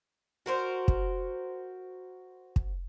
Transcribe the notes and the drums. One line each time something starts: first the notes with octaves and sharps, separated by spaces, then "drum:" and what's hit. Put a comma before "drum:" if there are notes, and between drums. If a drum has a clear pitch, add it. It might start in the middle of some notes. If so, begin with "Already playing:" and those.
F#4 A#4 C5
drum: kick
drum: kick